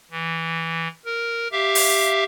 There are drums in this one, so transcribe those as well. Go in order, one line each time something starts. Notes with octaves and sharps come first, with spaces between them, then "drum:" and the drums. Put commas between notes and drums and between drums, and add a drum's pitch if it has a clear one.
E3
A#4
G4 E5 F5
drum: open hi-hat